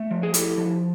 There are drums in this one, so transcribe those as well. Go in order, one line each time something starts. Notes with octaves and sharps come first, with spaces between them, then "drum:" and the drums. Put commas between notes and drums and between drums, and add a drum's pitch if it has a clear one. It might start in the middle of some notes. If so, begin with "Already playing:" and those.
Already playing: A3
F3
G#4
E4 G4 A4, drum: hi-hat
F3